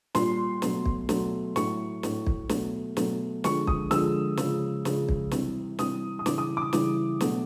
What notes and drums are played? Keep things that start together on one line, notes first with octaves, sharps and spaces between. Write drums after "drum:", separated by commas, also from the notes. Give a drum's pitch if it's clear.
A#2 G3 C6, drum: snare
B2 F#3 A3, drum: snare
drum: kick
B2 F#3 A3, drum: snare
A2 F#3 A3 C#6, drum: snare
A2 F#3 A3, drum: snare
drum: kick
B2 F#3 A3, drum: snare
B2 F#3 A3, drum: snare
D3 F3 G#3 C#6, drum: snare
D#6, drum: kick
D3 F3 G#3 E6, drum: snare
C#3 F3 G#3, drum: snare
C#3 F3 G#3, drum: snare
drum: kick
C3 E3 G3, drum: snare
C3 E3 G3 D#6, drum: snare
D#6
C#3 E3 G3 D6, drum: snare
D#6
D6
D#6
C#3 E3 G3, drum: snare
B2 F#3 A3, drum: snare